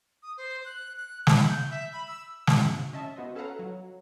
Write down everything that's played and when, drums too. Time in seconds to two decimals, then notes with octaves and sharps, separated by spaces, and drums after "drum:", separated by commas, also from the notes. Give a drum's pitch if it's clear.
0.23 D#6
0.37 C5
0.65 F#6
0.97 F#6
1.27 B5, drum: snare
1.49 G6
1.70 E5
1.93 B5
2.07 E6
2.47 G#2 F#3 C4, drum: snare
2.93 C#4 D#5 E5 A5
3.16 B3 F#4 C5 D#5
3.35 C#4 A4 B4 F5 F#5 A#5
3.59 F#3